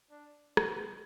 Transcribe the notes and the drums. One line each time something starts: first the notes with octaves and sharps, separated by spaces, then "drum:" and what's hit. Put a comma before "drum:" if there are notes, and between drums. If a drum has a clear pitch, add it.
D4
B3, drum: rim click